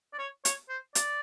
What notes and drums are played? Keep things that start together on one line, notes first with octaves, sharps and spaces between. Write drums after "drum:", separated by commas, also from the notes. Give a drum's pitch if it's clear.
D5
C#5
C#5, drum: hi-hat
C5
D5, drum: hi-hat